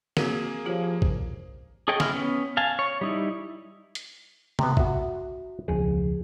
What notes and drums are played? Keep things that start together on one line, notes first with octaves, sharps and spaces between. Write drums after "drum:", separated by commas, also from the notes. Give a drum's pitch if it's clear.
A#3 C4 F#4 G#4 A#4, drum: snare
F3 F4 G4 C#5
drum: kick
G#4 A4 C#5 D#5 G5
G#3 E4 F6, drum: snare
B3 C#4
F5 G#5 A5
C#5
G3 D#4 E4
drum: hi-hat
C3 B3, drum: tom C3
F#4 E5, drum: kick
E1 C#2 F3 G#4